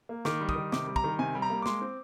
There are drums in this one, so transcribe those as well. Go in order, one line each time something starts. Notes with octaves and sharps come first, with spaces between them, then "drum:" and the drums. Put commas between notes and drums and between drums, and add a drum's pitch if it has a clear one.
A#3
D#3 D6, drum: snare
G3
D#6, drum: kick
D#3
C3 D6, drum: snare
G3
A#5, drum: kick
D#3
C3 G#5
G3
A#5
A#3
D6
G#3 C6, drum: snare
C4